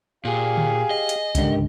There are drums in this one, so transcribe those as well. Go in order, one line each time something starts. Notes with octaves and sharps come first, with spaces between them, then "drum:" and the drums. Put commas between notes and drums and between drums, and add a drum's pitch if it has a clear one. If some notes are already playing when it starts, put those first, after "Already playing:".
A#2 G4 G#4 F5
drum: tom D3
D#5
drum: hi-hat
C#2 G#2 D3 D#3 G4, drum: kick C2, hi-hat